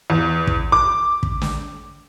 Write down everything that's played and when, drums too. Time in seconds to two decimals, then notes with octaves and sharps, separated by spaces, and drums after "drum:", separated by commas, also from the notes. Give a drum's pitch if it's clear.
0.10 E2
0.47 drum: kick
0.72 D6
1.23 drum: kick
1.42 drum: snare